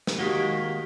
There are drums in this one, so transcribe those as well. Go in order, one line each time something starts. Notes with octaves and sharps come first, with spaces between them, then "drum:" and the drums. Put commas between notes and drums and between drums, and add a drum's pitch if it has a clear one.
drum: snare
D#3 G#3 A#3 F#4 G4 B6 G7